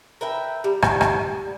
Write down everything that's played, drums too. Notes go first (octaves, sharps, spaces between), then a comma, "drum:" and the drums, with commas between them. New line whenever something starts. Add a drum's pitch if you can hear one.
A#4 B4 E5 G5
G3
drum: rim click
drum: rim click